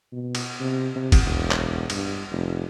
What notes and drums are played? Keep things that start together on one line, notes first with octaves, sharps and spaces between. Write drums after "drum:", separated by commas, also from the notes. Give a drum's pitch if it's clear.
B2
drum: cymbal
C3
C3
drum: kick, cymbal
E1
drum: clap
G2, drum: cymbal
F1